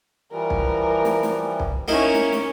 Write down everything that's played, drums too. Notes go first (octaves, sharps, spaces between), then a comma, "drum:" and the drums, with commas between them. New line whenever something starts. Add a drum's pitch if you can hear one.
E3 F3 G3 A#4
drum: kick
drum: snare
drum: snare
drum: kick
A#3 C#4 D#4 E4 A#4
drum: snare
drum: snare